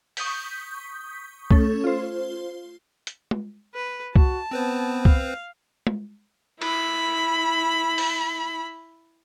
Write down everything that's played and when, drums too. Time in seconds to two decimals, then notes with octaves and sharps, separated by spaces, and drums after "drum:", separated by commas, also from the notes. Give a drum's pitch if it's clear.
0.17 C#6 D#6 G6 B6, drum: open hi-hat
1.51 A3 C#4 A4, drum: kick C2
1.84 F4 C5
3.07 drum: hi-hat
3.31 drum: tom
3.74 B4
4.16 F#4 A5, drum: kick C2
4.51 B3 C4 B4 C5
5.05 F5, drum: kick C2
5.87 drum: tom
6.62 E4 B5, drum: cymbal
7.98 drum: open hi-hat